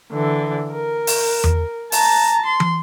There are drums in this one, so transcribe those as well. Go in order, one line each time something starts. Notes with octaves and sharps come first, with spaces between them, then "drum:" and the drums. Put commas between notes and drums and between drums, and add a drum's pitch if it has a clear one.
D3 E3
A#4
drum: open hi-hat
drum: tom E2
A5 A#5, drum: open hi-hat
C6
drum: tom